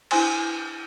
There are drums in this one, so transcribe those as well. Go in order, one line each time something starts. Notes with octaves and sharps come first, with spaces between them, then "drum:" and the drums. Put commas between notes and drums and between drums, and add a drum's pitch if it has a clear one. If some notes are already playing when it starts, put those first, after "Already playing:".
D4 E4 C5 G#5 C6, drum: cymbal